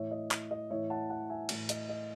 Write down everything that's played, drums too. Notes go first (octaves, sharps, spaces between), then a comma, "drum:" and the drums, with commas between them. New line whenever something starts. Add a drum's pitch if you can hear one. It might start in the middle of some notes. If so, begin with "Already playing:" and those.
Already playing: A2 E3 C#5 E5
D#5
drum: clap
D#5
A2 E3 C#5 E5
F#5 A5
F#5 A5
E5 G#5
A2 E3, drum: cymbal
D#5, drum: hi-hat
D#5